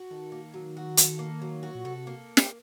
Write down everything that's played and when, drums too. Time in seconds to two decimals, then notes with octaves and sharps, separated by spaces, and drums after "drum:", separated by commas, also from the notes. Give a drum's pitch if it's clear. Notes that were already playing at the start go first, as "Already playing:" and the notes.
Already playing: F#4
0.10 D#3 A4
0.32 A#3
0.54 F#3
0.77 F#4
0.97 A4, drum: hi-hat
1.19 A#3
1.42 F#3
1.63 F#4
1.75 A#2
1.85 C3 A4
2.07 A#3
2.37 drum: snare